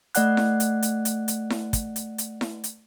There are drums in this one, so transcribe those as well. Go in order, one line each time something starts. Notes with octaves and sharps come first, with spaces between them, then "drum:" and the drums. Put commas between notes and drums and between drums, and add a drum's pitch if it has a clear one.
A3 D5 F#5 F#6, drum: hi-hat
drum: snare E4
drum: hi-hat
drum: hi-hat
drum: hi-hat
drum: hi-hat
drum: snare E4
drum: kick, hi-hat
drum: hi-hat
drum: hi-hat
drum: snare E4
drum: hi-hat